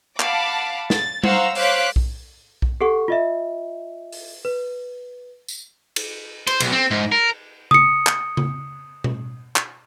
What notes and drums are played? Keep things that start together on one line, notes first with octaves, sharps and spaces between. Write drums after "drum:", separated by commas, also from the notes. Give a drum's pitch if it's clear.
F5 F#5 A5 B5 D6, drum: clap
A6, drum: snare
C5 F5 F#5 A#5 C#6 E6, drum: tom G3
C5 C#5 F5 D6 F#6 B6, drum: open hi-hat
drum: kick B1
drum: kick B1
G4 A4 F#5 C#6
F4 D#5 E5
drum: open hi-hat
B4
drum: tambourine
drum: cymbal
C5, drum: cymbal
B1, drum: cymbal
C4
G#2
A#4
D#6 C#7, drum: tom C#3
drum: clap
drum: tom C#3
drum: tom B2
drum: clap